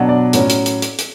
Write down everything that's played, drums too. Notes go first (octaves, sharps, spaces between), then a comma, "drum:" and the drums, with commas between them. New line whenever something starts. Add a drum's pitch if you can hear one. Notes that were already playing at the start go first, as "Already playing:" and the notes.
Already playing: B2 F#3 B3 D4
D5
A2 F#3 C#4, drum: hi-hat
drum: hi-hat
drum: hi-hat
drum: hi-hat
drum: hi-hat